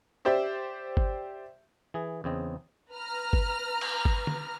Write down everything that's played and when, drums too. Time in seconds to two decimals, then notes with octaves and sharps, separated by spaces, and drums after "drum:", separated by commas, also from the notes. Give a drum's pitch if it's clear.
0.25 G4 C5 D5 E5
0.97 drum: kick G1
1.94 E3 G#4
2.24 E2 C#3 C4 D#5
2.92 B4 A#5 F6
3.33 drum: kick G1
3.81 drum: cymbal
4.05 drum: kick G1
4.27 drum: tom